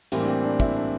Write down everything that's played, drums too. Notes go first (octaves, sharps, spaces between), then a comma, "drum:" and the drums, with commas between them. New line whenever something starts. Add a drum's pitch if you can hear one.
A2 E3 G3 A#3 C4, drum: hi-hat
D4
C4
D4
E4, drum: kick
D4